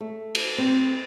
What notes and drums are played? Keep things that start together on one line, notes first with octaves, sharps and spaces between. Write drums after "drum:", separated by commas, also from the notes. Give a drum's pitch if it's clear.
A3
drum: cymbal
C4